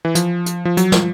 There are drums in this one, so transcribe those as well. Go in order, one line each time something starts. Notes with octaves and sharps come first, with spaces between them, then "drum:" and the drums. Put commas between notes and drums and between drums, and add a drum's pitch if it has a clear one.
E3
F3, drum: hi-hat
drum: hi-hat
F3
F#3, drum: hi-hat
F3, drum: snare